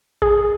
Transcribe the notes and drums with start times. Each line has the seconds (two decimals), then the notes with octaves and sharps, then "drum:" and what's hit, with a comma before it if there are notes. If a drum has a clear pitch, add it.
0.22 G#4, drum: kick A1